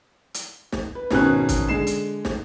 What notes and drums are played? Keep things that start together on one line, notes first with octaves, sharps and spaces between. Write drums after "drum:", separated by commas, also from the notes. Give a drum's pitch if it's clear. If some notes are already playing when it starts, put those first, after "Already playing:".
drum: hi-hat
drum: snare
B4
G#1 B2 C#4 F#6, drum: snare
drum: kick, hi-hat
D3 G#3 C7 E7
drum: hi-hat
drum: snare